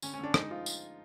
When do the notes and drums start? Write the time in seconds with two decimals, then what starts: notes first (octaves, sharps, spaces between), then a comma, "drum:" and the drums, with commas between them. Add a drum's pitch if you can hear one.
0.02 D3 C#4, drum: tambourine
0.14 C#4
0.19 D3 D4
0.34 G#3 D#4, drum: rim click
0.50 F3 F4
0.66 drum: tambourine